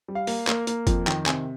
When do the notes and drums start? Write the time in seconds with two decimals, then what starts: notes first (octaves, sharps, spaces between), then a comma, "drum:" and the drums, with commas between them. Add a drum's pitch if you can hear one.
0.08 G3
0.15 F5
0.27 A#3, drum: open hi-hat
0.47 A#3, drum: clap
0.67 A#3, drum: hi-hat
0.87 F2, drum: kick, hi-hat
1.07 D#3 G5, drum: clap
1.26 C3 G#5, drum: clap